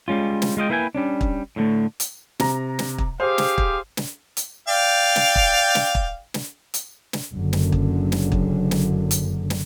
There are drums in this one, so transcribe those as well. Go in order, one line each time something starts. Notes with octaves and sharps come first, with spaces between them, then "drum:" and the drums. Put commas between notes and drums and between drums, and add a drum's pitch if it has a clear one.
G3 G#3 C#4 F4
drum: snare
G#3 F4 D#5 G5
A#3 E4 B4 F5 G5 G#5
G3 C#4 D4
drum: kick
A2 D3 A3
drum: hi-hat
C3 A#5, drum: snare
drum: snare
drum: kick
G4 G#4 C5 F5
drum: snare
drum: kick
drum: snare
drum: hi-hat
D5 F5 G5
drum: snare
drum: kick
drum: snare
drum: kick
drum: snare
drum: hi-hat
drum: snare
F#1 F#2 D3
drum: snare
drum: kick
drum: snare
drum: kick
drum: snare
drum: hi-hat
drum: snare